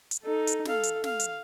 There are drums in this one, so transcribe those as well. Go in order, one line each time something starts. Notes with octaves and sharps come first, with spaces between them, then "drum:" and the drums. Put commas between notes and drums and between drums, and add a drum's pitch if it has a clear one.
drum: hi-hat
D#4 A4
drum: hi-hat
A4 F5, drum: snare
drum: hi-hat
F5, drum: snare
drum: hi-hat